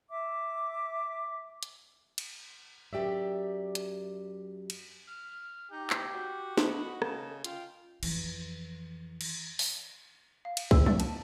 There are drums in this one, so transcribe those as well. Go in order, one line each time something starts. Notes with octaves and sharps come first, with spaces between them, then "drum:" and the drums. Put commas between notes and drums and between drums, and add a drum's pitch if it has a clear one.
E5 D6
drum: hi-hat
drum: cymbal
F#2 E3 G4 D5 E5
drum: hi-hat
drum: cymbal
F6
D#4 G4 G6
drum: clap
F#4
D#5 B5, drum: snare
C#3 A5, drum: rim click
F4 G5, drum: hi-hat
F2 E3, drum: cymbal
drum: cymbal
drum: open hi-hat
F5
drum: cymbal
E6, drum: kick B1
A6, drum: tom
A5, drum: cymbal